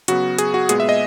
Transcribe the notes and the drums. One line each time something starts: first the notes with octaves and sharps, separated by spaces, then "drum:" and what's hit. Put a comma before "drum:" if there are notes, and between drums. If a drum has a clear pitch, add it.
C#3 F#3 B3 F#4, drum: hi-hat
G#4, drum: hi-hat
F#4
A#2 G#3 B3 G#4, drum: hi-hat
E5
D#5